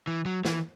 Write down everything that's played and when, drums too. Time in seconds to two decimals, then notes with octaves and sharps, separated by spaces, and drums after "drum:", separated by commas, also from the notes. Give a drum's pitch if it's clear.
0.07 E3
0.26 F#3
0.45 E3, drum: snare